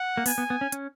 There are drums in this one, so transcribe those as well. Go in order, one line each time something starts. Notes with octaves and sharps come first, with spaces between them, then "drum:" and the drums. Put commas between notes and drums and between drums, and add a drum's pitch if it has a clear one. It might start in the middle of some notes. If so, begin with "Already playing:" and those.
Already playing: F#5
A#3
B3 G#5, drum: open hi-hat
B3
B3
C#4
C#4, drum: hi-hat